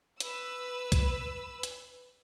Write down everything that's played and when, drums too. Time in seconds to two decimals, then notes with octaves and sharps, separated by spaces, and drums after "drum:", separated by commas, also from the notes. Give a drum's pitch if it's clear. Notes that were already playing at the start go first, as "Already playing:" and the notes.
0.20 B4 E6, drum: hi-hat
0.92 drum: kick, hi-hat
1.63 drum: hi-hat